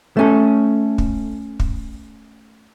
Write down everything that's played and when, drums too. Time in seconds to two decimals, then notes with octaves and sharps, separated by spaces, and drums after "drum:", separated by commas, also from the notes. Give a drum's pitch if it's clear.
0.17 A3 C#4 A4
0.98 drum: kick
1.60 drum: kick